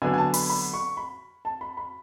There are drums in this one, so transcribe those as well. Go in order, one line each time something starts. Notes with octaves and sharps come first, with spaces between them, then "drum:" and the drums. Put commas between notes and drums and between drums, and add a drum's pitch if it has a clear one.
D3 F#3 B3 D4 G#5
G#5
A5
B5, drum: open hi-hat
B5
C#6
B5
A5
B5
B5